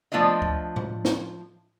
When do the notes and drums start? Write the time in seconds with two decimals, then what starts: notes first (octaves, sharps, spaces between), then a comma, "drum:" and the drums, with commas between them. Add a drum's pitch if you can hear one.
0.12 F3 A3 D4 F4 D#5
0.42 drum: kick
0.76 drum: tom A2
1.05 drum: snare